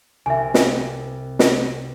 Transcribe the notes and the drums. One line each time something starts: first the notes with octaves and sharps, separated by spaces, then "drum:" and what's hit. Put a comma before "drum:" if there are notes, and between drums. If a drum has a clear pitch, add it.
C2 E5 G#5
drum: snare
drum: snare